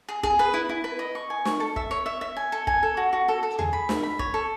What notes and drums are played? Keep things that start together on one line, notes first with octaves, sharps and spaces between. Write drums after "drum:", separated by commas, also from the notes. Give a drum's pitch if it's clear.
G#4
G#4, drum: kick
B4
E4
E4
B4
D#5
C#6
G#5
C#6, drum: snare
A4
E5, drum: kick
C#5
E5
E5
G#5
A4
G#5, drum: kick
A4
F#4
F#4
A4
A4
G#4, drum: tom D#2
B5
E5, drum: snare
B5
C#5, drum: kick
A4